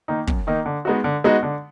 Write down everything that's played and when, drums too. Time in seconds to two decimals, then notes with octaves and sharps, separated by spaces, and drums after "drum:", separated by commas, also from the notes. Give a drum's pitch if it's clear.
0.08 D#3 A#3 D#4
0.27 F#2, drum: kick
0.47 D#3 A#3 D#4
0.66 D3
0.85 G#3 B3 D#4 F#4
1.04 D3
1.24 G#3 B3 D#4 F#4
1.43 D3